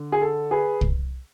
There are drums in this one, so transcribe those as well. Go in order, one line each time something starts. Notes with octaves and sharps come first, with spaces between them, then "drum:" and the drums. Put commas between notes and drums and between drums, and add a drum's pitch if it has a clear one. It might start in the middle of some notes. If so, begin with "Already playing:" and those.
Already playing: D3
G#4
A4
G#4 B4
drum: kick